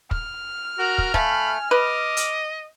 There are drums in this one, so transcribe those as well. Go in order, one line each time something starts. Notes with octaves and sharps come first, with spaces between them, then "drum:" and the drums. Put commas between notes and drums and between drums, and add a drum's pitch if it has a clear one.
F6, drum: kick
F#4 A#4
drum: kick
A3 F5 G#5 B5, drum: kick
B4 D#5 D6
drum: hi-hat